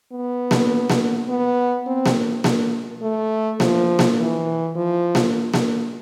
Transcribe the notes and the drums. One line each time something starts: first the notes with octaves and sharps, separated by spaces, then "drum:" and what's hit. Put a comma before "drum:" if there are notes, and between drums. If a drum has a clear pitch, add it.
B3
drum: snare A#3
drum: snare A#3
B3
C4
drum: snare A#3
drum: snare A#3
A3
F3, drum: snare A#3
drum: snare A#3
E3
F3
drum: snare A#3
drum: snare A#3